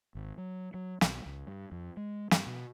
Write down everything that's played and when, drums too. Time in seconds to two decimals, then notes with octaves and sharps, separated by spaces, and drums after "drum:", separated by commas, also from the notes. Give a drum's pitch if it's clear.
0.15 G#1
0.38 F#3
0.74 F#3
1.01 B1, drum: snare
1.26 C#2
1.47 G2
1.72 F2
1.97 G#3
2.31 G2, drum: snare
2.47 B2